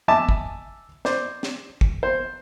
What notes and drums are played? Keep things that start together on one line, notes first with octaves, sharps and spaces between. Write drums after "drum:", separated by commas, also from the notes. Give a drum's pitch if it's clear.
D#5 E5 G#5 A5 D6
drum: kick
C5 D5, drum: snare
drum: snare
drum: kick
C5